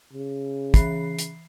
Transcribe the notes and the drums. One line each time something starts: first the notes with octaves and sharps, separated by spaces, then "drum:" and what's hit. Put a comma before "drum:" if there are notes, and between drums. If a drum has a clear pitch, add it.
C#3
E3 C7, drum: kick, hi-hat
drum: hi-hat